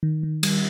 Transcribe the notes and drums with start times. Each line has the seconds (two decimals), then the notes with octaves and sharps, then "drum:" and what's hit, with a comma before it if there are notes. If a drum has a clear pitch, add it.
0.03 D#3
0.23 D#3
0.43 G3, drum: cymbal